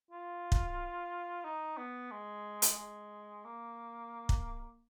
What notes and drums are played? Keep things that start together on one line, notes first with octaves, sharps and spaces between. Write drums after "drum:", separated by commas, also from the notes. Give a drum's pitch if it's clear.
F4
drum: kick
D#4
B3
G#3
drum: hi-hat
G#3
A#3
drum: kick